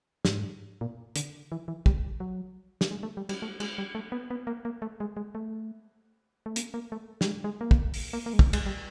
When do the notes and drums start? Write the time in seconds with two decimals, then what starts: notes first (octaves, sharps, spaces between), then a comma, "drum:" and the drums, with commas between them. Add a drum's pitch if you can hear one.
0.25 G2, drum: snare
0.28 G#2
0.81 A#2
1.16 D3, drum: hi-hat
1.52 E3
1.68 E3
1.86 G3, drum: kick
2.20 F#3
2.81 drum: snare
2.91 G#3
3.03 A3
3.17 G3
3.29 G3, drum: cymbal
3.42 A3
3.60 G#3, drum: cymbal
3.78 G3
3.95 A3
4.12 B3
4.30 B3
4.47 A#3
4.65 A#3
4.82 A3
5.00 G#3
5.17 G#3
5.35 A3
6.46 A3
6.56 A#3, drum: hi-hat
6.74 A#3
6.92 A3
7.21 G3, drum: snare
7.26 G#3
7.44 G#3
7.61 A#3
7.71 drum: kick
7.94 drum: open hi-hat
8.13 A#3
8.26 A#3
8.33 G#3
8.39 A3, drum: kick
8.53 G#3, drum: cymbal
8.66 G3